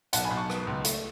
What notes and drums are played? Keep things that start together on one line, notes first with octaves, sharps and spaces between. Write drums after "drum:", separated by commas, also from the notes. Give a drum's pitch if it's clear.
B1 F#5 A5, drum: hi-hat
G#5 B5
B1
A5 C#6
B3, drum: rim click
C#2
A3, drum: hi-hat